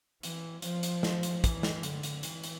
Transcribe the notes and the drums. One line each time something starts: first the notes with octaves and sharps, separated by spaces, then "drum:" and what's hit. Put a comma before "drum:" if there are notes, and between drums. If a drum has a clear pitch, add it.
E3, drum: hi-hat
F3, drum: hi-hat
drum: hi-hat
drum: snare
drum: hi-hat
E3, drum: kick, hi-hat
drum: snare
D3, drum: hi-hat
drum: hi-hat
E3, drum: hi-hat
drum: hi-hat